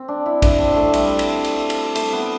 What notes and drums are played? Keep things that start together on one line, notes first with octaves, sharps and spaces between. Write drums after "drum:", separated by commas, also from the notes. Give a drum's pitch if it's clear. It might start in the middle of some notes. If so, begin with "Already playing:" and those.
Already playing: C4
D4
E4
D4, drum: kick A1, cymbal
C4
A3
G3, drum: cymbal
drum: cymbal
drum: cymbal
drum: cymbal
A3, drum: cymbal
B3